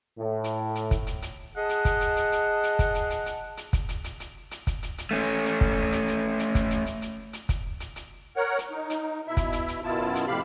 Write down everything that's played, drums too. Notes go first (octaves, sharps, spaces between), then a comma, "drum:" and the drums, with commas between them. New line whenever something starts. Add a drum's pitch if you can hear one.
A2
drum: hi-hat
drum: hi-hat
drum: kick, hi-hat
drum: hi-hat
drum: hi-hat
G#4 D#5 F#5 A5
drum: hi-hat
drum: kick, hi-hat
drum: hi-hat
drum: hi-hat
drum: hi-hat
drum: hi-hat
drum: kick, hi-hat
drum: hi-hat
drum: hi-hat
drum: hi-hat
drum: hi-hat
drum: kick, hi-hat
drum: hi-hat
drum: hi-hat
drum: hi-hat
drum: hi-hat
drum: kick, hi-hat
drum: hi-hat
drum: hi-hat
A3 C#4
drum: hi-hat
drum: kick
drum: hi-hat
drum: hi-hat
drum: hi-hat
drum: kick, hi-hat
drum: hi-hat
drum: hi-hat
drum: hi-hat
drum: hi-hat
drum: kick, hi-hat
drum: hi-hat
drum: hi-hat
A#4 C#5 F#5
drum: hi-hat
D#4
drum: hi-hat
B2 E4 E5
drum: kick, hi-hat
drum: hi-hat
drum: hi-hat
F#2 B2 B3 E4 F4 A5
drum: hi-hat
F2 A2 C3 G4 F5 B5